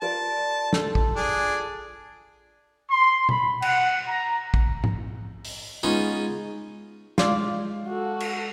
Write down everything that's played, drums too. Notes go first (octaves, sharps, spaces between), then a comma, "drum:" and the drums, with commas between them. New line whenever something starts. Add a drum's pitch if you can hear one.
F4 A#4 D5 A5
A4, drum: snare
drum: kick
D4 G#4
C6
B5, drum: tom B2
F#5, drum: cymbal
A#5
drum: kick
drum: tom G#2
drum: open hi-hat
G#3 B3 C#4 D#4 F4
G#3 F4 D5 F5, drum: snare
F#4 A4
drum: cymbal